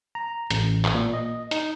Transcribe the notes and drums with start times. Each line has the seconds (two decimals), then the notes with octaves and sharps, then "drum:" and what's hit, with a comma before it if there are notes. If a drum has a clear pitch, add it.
0.15 A#5
0.50 A1, drum: hi-hat
0.85 drum: clap
0.95 A#2
1.13 D#5
1.51 D#4, drum: hi-hat